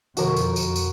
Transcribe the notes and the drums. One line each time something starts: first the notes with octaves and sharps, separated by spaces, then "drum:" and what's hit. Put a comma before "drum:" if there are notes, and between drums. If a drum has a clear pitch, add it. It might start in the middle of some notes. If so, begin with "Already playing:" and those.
F2 B2 D3 F3 F#4 A#4, drum: tambourine
drum: tambourine
drum: tambourine
drum: tambourine